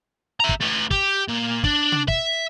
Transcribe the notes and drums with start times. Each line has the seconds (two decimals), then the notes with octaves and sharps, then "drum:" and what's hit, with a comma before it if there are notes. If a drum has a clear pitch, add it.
0.40 E5 A#5
0.49 drum: kick
0.61 A3 B4
0.91 G4, drum: kick
1.28 A#2
1.64 D4, drum: kick
1.92 drum: tom C3
2.08 E5, drum: kick